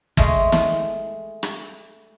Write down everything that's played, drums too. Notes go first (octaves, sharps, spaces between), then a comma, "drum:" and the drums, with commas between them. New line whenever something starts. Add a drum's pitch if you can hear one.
G#3 A3, drum: kick
drum: snare
drum: rim click